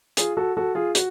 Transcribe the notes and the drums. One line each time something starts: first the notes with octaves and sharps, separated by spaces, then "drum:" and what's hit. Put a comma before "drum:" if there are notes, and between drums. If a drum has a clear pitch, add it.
F4 G#4, drum: hi-hat
F#4 A4
F#4 A4
F4 G#4
F#4, drum: hi-hat